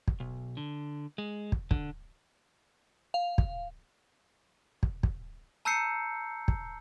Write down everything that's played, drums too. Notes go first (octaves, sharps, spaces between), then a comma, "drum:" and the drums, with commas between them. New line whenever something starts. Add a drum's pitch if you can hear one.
drum: kick
B1
D3
G#3
drum: kick
D3, drum: kick
F5
drum: kick
drum: kick
drum: kick
A5 A#5 E6 G6 C7 C#7
drum: kick